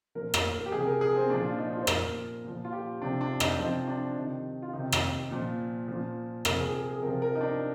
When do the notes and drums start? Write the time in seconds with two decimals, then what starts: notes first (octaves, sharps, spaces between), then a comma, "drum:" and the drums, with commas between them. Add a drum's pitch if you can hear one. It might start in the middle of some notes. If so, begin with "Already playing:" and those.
0.15 A#2 F3 A#4
0.34 A#4, drum: rim click
0.53 A#4
0.66 G4
0.72 C3 F3 G#4
0.86 A#4
1.01 G#4
1.16 C4
1.29 A#2 F3 D4
1.45 F4
1.58 D#4
1.73 F4
1.82 C5
1.87 A#2 F3 A#4, drum: rim click
2.44 A#2 F3
2.65 F4
2.73 G4
3.02 C3 F3 D4
3.21 D4
3.40 D#4, drum: rim click
3.59 C3 F3 C4
3.88 D4
4.16 C3 D#3 D#4
4.62 F4
4.73 C3 D#3 D#4
4.92 drum: rim click
5.31 A#2 F3
5.88 A#2 F3
6.45 C3 F3 A#4, drum: rim click
6.60 G#4
6.74 G#4
6.88 G#4
7.02 C3 F3 A#4
7.22 A#4
7.35 D#4
7.41 D4